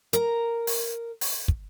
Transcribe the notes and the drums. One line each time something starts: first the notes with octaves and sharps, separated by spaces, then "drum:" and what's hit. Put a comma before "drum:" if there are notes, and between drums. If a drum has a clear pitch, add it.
A#4 A#5, drum: hi-hat
drum: open hi-hat
drum: open hi-hat
drum: kick